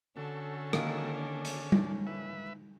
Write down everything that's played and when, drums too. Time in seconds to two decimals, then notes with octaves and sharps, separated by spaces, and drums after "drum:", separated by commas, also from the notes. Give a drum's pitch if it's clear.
0.17 D3 C#4 F#4 A4
0.73 D#3 A#3 F5, drum: rim click
1.14 D4
1.45 drum: hi-hat
1.72 drum: tom G3
2.07 B4 E5